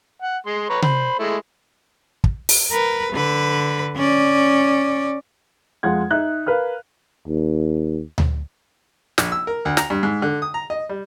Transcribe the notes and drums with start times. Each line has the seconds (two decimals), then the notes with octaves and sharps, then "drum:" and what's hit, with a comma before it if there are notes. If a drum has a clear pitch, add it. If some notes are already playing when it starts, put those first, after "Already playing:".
0.22 F#5
0.46 G#3 C6
0.70 B4 C#5 A#5
0.82 C5 B5, drum: tom C3
1.19 G#3 A3 E4
2.24 drum: kick
2.49 drum: open hi-hat
2.71 A#4 B4
3.12 D3 B4
3.96 C#4 D5
5.83 F2 G#3 F4 F#5 G#6
6.11 D#4 E5 F#6
6.46 A#4 B4 F5 F6
7.28 D#2
8.18 drum: tom D2
9.18 A#1, drum: snare
9.32 E6
9.47 A#4
9.65 D2
9.77 A#5, drum: snare
9.90 G2
10.03 G#2
10.22 D3
10.42 D#6
10.54 A#5
10.70 D#5
10.89 G3